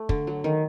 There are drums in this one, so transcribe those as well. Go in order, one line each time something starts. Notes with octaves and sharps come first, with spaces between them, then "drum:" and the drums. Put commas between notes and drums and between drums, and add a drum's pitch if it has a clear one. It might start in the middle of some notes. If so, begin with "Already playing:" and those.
Already playing: A3
D3, drum: kick
F#3
D#3